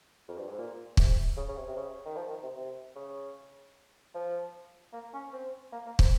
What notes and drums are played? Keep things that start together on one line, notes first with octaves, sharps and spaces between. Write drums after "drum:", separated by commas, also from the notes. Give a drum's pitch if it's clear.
F2
G2
G#2
A#2
C3, drum: kick
C#3
C#3
C3
C3
C#3
D#3
F3
D#3
C3
C3
C#3
F3
A#3
C#4
C4
A#3
A#3
C4, drum: kick